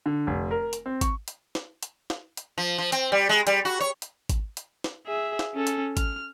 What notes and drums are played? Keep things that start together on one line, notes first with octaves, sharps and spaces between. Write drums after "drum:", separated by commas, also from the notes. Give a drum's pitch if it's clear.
D3
F1
A#4
drum: hi-hat
C4
C#6, drum: kick G#1, hi-hat
drum: hi-hat
drum: snare
drum: hi-hat
drum: snare
drum: hi-hat
F3
F3
C4, drum: hi-hat
G3
G#3
G3, drum: hi-hat
F#4
C#5
drum: hi-hat
drum: kick G#1, hi-hat
drum: hi-hat
drum: snare
G#4 E5
drum: snare
C#4 A4
drum: hi-hat
F6, drum: kick G#1, hi-hat